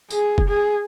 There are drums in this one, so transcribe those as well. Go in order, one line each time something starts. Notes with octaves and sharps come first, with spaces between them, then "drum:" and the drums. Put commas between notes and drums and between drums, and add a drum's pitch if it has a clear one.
G#4, drum: tambourine
drum: kick
G#4